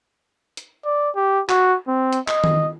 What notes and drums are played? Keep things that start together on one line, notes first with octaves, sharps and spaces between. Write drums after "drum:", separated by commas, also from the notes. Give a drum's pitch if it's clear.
drum: hi-hat
D5
G4
F#4, drum: clap
C4
drum: hi-hat
D#5, drum: clap
drum: tom D#3